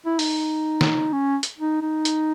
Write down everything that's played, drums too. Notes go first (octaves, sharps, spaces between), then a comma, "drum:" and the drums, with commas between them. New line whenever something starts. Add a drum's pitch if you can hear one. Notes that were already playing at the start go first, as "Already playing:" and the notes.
E4
D#4, drum: open hi-hat
drum: snare
C#4
drum: hi-hat
D#4
D#4
drum: hi-hat